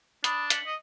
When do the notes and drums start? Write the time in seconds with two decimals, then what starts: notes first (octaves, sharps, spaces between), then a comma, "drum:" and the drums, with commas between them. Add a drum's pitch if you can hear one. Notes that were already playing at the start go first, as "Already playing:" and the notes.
0.24 D4 B5 D#6, drum: hi-hat
0.50 B6 C#7 F#7, drum: hi-hat
0.67 D#5